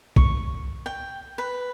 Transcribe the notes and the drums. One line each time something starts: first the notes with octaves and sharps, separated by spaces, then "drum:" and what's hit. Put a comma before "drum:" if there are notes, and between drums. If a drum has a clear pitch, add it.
C#6, drum: kick
G5
B4